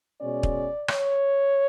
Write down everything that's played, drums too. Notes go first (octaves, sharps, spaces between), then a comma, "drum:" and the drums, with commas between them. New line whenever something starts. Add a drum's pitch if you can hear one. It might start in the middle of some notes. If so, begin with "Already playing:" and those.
B2 G#3 C#4 D5
drum: kick
C#5, drum: rim click